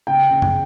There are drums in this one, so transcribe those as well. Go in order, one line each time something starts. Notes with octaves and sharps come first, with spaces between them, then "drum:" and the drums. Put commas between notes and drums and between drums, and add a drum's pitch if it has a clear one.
C#3 G5
C#3
drum: tom